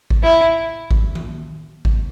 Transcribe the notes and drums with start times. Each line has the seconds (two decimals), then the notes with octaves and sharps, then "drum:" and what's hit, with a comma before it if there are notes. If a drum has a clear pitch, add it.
0.10 drum: kick
0.23 E4
0.91 drum: kick
1.15 drum: tom D#3
1.85 drum: kick